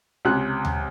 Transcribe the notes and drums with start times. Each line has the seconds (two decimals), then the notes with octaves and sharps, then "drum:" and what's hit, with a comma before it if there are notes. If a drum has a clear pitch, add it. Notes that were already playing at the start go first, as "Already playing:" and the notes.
0.25 C#2 C3 F#6
0.65 drum: tom D2